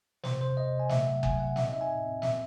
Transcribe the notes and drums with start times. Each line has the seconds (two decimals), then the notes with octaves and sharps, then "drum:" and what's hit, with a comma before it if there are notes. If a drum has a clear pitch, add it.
0.24 C3 C5, drum: snare
0.40 C3 C5
0.57 C3 D#5
0.74 C3
0.80 G#5
0.89 A3 E5, drum: snare
1.07 F#3 F#5
1.23 F#3 G#5, drum: kick F#1
1.39 C3 F#5
1.56 C4 E5, drum: snare
1.65 D#5
1.72 D#4 E5
1.81 G#5
1.90 A2
2.06 C4
2.22 C4 E5, drum: snare